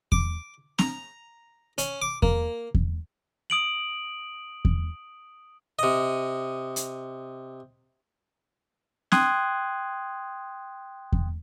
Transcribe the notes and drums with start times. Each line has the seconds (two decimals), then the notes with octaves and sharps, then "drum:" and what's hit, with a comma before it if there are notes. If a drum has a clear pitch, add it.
0.12 D6, drum: kick E2
0.79 A#5, drum: snare C4
1.78 C#4, drum: hi-hat
2.02 D6
2.22 A#3, drum: kick E2
2.74 drum: kick E2
3.50 D#6 D7 F#7
4.65 drum: kick E2
5.79 C3 D#5
6.76 drum: hi-hat
9.12 G5 C6 D#6 F#6 G#6, drum: snare C4
11.12 drum: kick E2